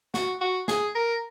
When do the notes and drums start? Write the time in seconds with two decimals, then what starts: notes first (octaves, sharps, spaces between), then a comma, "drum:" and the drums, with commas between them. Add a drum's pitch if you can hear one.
0.14 F#4, drum: snare
0.41 F#4
0.68 G#4, drum: snare
0.95 A#4